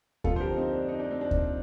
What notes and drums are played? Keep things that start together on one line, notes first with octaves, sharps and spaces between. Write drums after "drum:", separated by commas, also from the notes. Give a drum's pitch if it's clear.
F2 D3 F3 F4 A4, drum: kick D2
C5
G4 A#4
C4 D#4
D4
D#4
D4
C4
D4
drum: kick D2